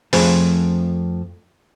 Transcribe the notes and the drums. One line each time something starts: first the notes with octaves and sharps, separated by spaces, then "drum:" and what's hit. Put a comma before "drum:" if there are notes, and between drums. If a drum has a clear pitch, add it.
F2 F3 A3 G#4 C5 B5, drum: open hi-hat